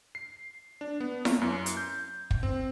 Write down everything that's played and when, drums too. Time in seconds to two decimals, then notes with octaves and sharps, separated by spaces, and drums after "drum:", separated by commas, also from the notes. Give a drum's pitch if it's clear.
0.15 C7
0.81 D4
1.00 B3
1.25 drum: snare E4
1.42 F#2
1.66 drum: hi-hat
1.77 G6
2.31 drum: kick
2.43 C4